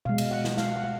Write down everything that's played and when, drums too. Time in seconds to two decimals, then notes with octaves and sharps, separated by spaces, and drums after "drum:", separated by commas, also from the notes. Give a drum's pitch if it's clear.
0.05 B2 G#3 F5
0.18 drum: cymbal
0.31 F#5
0.45 drum: snare
0.57 F5, drum: snare
0.76 F#5
0.84 F5